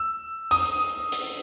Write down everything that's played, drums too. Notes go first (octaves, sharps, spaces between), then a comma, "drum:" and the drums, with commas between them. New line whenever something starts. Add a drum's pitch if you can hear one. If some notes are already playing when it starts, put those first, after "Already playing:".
Already playing: E6
D#6, drum: hi-hat
drum: hi-hat